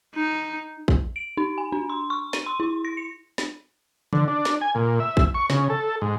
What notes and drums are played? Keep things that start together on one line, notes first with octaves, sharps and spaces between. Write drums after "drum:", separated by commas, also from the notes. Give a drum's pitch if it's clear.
D#4
drum: kick
D7
D#4
G#5
D4
C6
C#6
D#7, drum: snare
C6
E4
A#6
C#7
drum: snare
D3, drum: tom D#3
D4
drum: snare
G#5
A#2
E5
drum: kick
C#6
C#3, drum: snare
A4
G#2